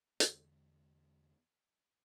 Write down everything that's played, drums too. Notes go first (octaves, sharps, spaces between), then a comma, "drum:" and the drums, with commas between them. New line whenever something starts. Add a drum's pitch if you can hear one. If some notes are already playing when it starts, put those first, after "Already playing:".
E2 D3 G#3, drum: hi-hat